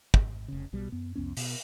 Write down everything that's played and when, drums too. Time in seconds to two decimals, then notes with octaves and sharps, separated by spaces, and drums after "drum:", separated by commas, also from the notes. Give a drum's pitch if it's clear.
0.14 G#1, drum: kick
0.48 F1 C#3
0.73 B1 B2 G3
0.92 F#2 B3
1.15 C2 F2 B3 C#4
1.37 B2, drum: open hi-hat